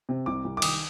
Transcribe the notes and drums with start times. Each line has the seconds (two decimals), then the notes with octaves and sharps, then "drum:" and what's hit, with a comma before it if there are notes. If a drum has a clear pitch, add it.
0.09 C3
0.26 C2 D6
0.44 C2
0.57 D6
0.62 D#3 D#6, drum: cymbal